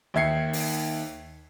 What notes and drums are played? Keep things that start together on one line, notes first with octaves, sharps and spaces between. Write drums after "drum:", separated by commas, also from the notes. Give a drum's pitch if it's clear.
D#2 D#3 E5 G#6 C7 C#7
drum: open hi-hat